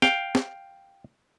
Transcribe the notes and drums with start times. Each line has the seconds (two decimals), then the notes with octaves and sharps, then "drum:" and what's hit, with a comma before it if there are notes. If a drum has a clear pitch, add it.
0.02 F5 G5, drum: snare
0.35 drum: snare